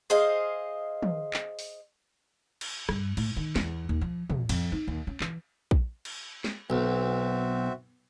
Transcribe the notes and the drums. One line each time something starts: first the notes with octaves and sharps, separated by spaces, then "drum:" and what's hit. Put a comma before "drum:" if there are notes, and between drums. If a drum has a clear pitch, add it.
G#4 C5 D#5 F5
drum: tom
drum: clap
drum: open hi-hat
drum: cymbal
G2, drum: rim click
A2, drum: cymbal
D#3
E2, drum: snare
D#2
F3
F2, drum: tom
F2, drum: cymbal
D#4
D#2
C#4
E3, drum: clap
drum: kick A#1
drum: cymbal
drum: snare
B1 C4 F#4 E5